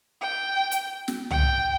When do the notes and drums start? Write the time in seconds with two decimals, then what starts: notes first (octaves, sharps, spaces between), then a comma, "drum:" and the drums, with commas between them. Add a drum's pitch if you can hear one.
0.21 G5
0.72 drum: hi-hat
1.08 drum: snare
1.30 G5, drum: tom